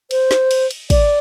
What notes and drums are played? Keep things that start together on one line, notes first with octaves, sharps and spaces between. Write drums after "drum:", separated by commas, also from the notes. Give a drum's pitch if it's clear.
C5, drum: cymbal
drum: snare
drum: cymbal
drum: cymbal
D5, drum: kick, cymbal